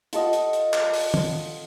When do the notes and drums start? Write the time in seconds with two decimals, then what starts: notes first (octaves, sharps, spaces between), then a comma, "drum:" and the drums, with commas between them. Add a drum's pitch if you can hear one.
0.13 F4 A4 D#5 F#5, drum: hi-hat
0.33 drum: hi-hat
0.53 drum: hi-hat
0.73 drum: clap
0.94 drum: open hi-hat
1.14 drum: tom